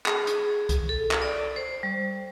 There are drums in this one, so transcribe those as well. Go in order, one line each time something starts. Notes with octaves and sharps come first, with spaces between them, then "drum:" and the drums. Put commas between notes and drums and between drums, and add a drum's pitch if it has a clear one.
G#4, drum: clap
drum: hi-hat
drum: kick C2, hi-hat
A4
drum: clap
D5
C5
G3